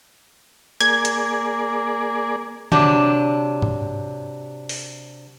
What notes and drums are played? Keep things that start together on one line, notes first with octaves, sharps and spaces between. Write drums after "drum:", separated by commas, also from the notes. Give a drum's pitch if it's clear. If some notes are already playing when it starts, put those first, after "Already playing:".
A#3 G#4 D5 G#6, drum: hi-hat
drum: hi-hat
C3 F#3 D4, drum: tom D3
drum: tom G#2
drum: open hi-hat